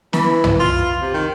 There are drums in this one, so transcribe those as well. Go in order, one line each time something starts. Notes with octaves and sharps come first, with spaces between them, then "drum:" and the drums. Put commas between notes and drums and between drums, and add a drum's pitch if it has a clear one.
E3, drum: snare
drum: tom
F4
C3
D#3